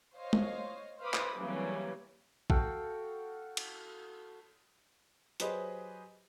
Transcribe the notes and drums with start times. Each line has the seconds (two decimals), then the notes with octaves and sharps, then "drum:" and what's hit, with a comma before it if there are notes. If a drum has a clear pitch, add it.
0.15 C5 C#5 D#5 F5
0.33 drum: tom G#3
1.02 B4 C5 F5 B5 D6 D#6
1.14 drum: clap
1.38 C#3 E3 F#3 G3 A#3 C4
2.50 F#4 A4 F5 G5, drum: kick A1
3.57 drum: cymbal
5.40 F#3 G4 G#4 B4 C5 D#5, drum: hi-hat